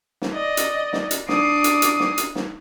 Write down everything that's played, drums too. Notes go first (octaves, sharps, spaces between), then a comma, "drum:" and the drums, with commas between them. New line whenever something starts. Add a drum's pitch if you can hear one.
drum: snare
D5 D#5
drum: hi-hat
drum: snare
drum: hi-hat
D4 D6 D#6 C7, drum: snare
drum: hi-hat
drum: hi-hat
drum: snare
drum: hi-hat
drum: snare